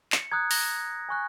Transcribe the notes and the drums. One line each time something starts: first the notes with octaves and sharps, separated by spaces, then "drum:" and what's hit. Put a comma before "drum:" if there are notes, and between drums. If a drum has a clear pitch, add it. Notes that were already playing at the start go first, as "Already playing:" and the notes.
C#7, drum: clap
A#5 D#6 F#6 G#6
A#6, drum: open hi-hat
G#5 C#6 F#6